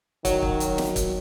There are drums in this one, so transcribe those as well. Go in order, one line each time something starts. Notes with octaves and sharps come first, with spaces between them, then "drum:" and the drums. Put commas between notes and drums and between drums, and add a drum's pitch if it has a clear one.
D#3 F#3, drum: kick, hi-hat
drum: kick
drum: hi-hat
drum: snare
drum: kick, hi-hat